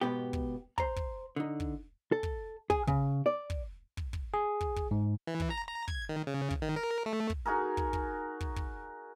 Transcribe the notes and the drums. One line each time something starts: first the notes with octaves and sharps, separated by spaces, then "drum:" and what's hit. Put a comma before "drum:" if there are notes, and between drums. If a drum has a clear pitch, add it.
G#2 B2 B3 G4
drum: kick
C5 A#5, drum: kick
drum: kick
D3 D#4
drum: kick
A4
drum: kick
G#4, drum: kick
C#3, drum: kick
D5
drum: kick
drum: kick
drum: kick
G#4
drum: kick
drum: kick
G#2
E3
drum: kick
A#5
A#5
G#6, drum: kick
D#3
C#3
drum: kick
D#3
A#4
A3
drum: kick
D#4 F#4 G#4 A#4
drum: kick
drum: kick
drum: kick
drum: kick